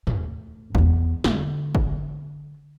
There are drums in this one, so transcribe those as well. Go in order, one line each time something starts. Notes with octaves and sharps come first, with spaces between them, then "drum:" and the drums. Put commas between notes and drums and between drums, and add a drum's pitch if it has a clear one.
A2, drum: tom
E2 B3, drum: kick
D3, drum: snare
drum: kick